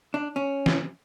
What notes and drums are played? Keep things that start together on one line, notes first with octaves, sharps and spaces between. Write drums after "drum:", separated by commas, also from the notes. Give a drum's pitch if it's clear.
D4
C#4
drum: snare